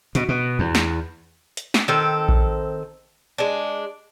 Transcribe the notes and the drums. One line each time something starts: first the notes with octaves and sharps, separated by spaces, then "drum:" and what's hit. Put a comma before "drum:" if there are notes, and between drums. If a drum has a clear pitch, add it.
B2, drum: hi-hat
B2
E2
drum: snare
drum: hi-hat
drum: snare
D#3 C4 A4
drum: kick A#1
G#3 D4